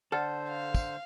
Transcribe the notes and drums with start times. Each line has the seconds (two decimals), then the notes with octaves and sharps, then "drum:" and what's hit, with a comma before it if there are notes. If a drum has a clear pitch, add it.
0.12 D3 A4 C5 D5 F#5 F6
0.49 F5
0.75 drum: kick, tambourine